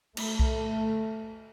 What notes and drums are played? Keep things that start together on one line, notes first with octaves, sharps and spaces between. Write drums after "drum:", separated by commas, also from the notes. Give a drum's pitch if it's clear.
A3, drum: cymbal
drum: kick B1